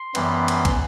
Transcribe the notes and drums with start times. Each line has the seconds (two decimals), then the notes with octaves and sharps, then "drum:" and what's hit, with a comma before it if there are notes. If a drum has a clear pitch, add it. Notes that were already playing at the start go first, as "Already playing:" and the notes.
Already playing: C6
0.15 F#2 E3 G3 B3, drum: cymbal
0.48 drum: cymbal
0.65 drum: kick, cymbal